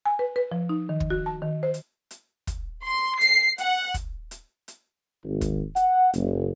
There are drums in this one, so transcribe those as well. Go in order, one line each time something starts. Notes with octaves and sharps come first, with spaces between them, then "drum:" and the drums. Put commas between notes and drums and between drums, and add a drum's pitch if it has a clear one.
G#5
B4
B4
F3
D#4
D#3
drum: kick
F#4
A5
D#3
C5
drum: hi-hat
drum: hi-hat
drum: kick, hi-hat
C6
C7, drum: hi-hat
F#5, drum: hi-hat
drum: kick, hi-hat
drum: hi-hat
drum: hi-hat
G#1
drum: kick, hi-hat
F#5, drum: hi-hat
F#1, drum: hi-hat